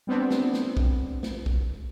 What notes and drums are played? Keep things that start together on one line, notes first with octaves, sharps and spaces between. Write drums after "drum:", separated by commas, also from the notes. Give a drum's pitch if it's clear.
G3 B3 C4 D4
drum: snare
drum: snare
drum: kick B1
drum: snare
drum: kick B1